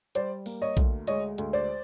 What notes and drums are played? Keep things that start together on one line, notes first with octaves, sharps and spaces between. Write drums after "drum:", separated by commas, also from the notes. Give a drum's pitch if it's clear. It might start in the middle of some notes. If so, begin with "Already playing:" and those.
G3 C5 D5, drum: hi-hat
A#3, drum: open hi-hat
C#5 D#5
D2, drum: kick A#1, hi-hat
G#3 C#5 D#5, drum: hi-hat
D2, drum: hi-hat
C5 D5